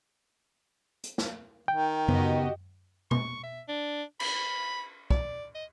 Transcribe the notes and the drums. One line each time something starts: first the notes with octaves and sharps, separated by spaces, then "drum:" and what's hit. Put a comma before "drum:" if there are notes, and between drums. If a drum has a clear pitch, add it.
drum: hi-hat
drum: snare
D#3 G5
C#3 B3 F#4 G4 D#5, drum: tom F#2
C#6, drum: tom B2
E5
D4
B5, drum: cymbal
D5, drum: kick
D#5